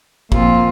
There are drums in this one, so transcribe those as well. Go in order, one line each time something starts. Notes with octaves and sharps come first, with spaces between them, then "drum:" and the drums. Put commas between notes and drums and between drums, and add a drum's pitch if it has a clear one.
A#2 F3 C4 F4, drum: kick